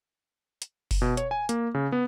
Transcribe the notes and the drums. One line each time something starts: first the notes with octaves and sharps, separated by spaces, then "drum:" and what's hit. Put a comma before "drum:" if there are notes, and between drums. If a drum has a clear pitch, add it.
drum: hi-hat
drum: kick F#1, open hi-hat
B2
C#5, drum: hi-hat
G#5
A#3, drum: hi-hat
C#3
B3